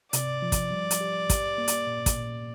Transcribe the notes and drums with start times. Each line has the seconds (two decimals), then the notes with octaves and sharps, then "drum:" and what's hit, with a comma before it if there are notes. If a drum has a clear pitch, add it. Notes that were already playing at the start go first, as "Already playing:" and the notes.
0.13 C3 D5, drum: hi-hat
0.42 F3
0.52 drum: kick, hi-hat
0.71 G3
0.91 drum: hi-hat
1.01 G4
1.30 G4, drum: kick, hi-hat
1.58 A#3
1.68 drum: hi-hat
1.87 A#2
2.06 drum: kick, hi-hat
2.16 A#2